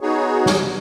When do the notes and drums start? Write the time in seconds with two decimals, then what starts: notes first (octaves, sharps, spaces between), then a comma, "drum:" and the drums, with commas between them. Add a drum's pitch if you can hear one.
0.01 B3 D#4 F#4 G#4 C#5
0.46 drum: snare